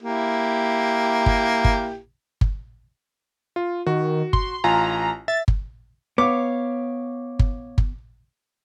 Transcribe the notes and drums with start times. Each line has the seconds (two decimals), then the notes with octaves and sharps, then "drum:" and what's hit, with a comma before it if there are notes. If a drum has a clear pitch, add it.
0.02 A#3 E4 G4
1.26 drum: kick G1
1.65 drum: kick G1
2.41 drum: kick G1
3.56 F4
3.87 D#3 F#4
4.33 C6, drum: kick G1
4.64 A1 F4 G#5 A#5
5.28 E5 A6
5.48 drum: kick G1
6.18 B3 C#5 F5 D6
7.39 drum: kick G1
7.78 drum: kick G1